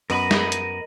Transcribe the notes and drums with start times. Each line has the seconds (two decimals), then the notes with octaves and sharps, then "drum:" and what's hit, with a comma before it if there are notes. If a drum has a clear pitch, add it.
0.10 F#2 B3 A#4 D#5 B5, drum: open hi-hat
0.31 drum: snare
0.52 drum: hi-hat